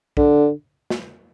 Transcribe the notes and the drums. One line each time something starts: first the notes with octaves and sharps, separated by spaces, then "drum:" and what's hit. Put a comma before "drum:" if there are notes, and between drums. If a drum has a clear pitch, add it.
D3, drum: kick
drum: snare